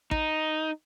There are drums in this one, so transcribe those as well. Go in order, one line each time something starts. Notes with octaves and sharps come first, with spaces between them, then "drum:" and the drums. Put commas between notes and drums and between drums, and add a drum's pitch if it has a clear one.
D#4, drum: kick A1